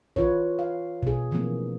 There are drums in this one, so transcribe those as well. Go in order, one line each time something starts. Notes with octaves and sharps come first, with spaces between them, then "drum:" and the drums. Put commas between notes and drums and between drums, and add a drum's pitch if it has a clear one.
E3 F4 B4 C#5, drum: kick
F5
B2 G#4, drum: kick
D3 E3 F3 A3 A#3 C4